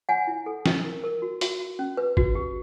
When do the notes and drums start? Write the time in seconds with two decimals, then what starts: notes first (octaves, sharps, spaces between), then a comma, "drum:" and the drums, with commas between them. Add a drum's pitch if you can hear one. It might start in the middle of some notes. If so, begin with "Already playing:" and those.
0.09 C#5 F#5 G#5
0.27 E4
0.46 A4
0.66 E4, drum: snare
0.85 A#4
1.04 A#4
1.22 F#4
1.41 F#4, drum: hi-hat
1.60 F#4
1.79 C#4
1.97 B4
2.17 F#4, drum: kick
2.35 G4